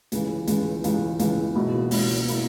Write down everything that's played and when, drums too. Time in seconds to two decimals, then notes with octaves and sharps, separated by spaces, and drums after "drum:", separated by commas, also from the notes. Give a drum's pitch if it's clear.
0.12 C#2 C#3 E3, drum: hi-hat
0.47 C#2 C#3 E3, drum: hi-hat
0.84 C#2 C#3 E3, drum: hi-hat
1.19 C#2 C#3 E3, drum: hi-hat
1.55 C#2 B2 A#3 E4
1.91 C#2 B2 A#3 E4, drum: open hi-hat
2.28 B2 A#3 E4, drum: hi-hat